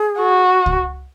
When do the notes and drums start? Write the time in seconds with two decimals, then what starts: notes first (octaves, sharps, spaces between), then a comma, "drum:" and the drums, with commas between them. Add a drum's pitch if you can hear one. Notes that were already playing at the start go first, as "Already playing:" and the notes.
Already playing: G#4
0.19 F#4
0.66 drum: kick C#2